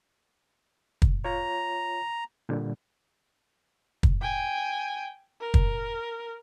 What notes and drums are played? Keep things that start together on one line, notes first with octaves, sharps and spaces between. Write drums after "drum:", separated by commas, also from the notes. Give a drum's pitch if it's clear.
drum: kick
F4 C#5 A#5
A#2 D3 G3
drum: kick
G5 G#5
A#4
drum: kick